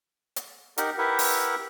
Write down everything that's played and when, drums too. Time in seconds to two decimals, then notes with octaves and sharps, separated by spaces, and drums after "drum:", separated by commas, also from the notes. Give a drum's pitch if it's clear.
0.36 drum: hi-hat
0.78 D#4 G4 A#4 F#5, drum: hi-hat
0.98 E4 G4 A#4 B4 E5 F#5
1.19 drum: open hi-hat